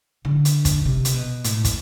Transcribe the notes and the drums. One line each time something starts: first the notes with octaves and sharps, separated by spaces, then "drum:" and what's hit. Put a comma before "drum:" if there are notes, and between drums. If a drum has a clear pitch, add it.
D3
drum: hi-hat
drum: kick, hi-hat
C3
drum: hi-hat
B2
A2, drum: hi-hat
drum: kick, hi-hat